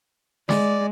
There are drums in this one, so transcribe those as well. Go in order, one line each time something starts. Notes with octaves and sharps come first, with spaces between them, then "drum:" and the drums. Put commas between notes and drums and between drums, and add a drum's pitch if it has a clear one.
G#3 D5, drum: snare